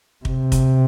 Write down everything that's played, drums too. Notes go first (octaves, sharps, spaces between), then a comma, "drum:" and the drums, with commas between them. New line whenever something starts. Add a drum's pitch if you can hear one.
C3, drum: kick
drum: kick, hi-hat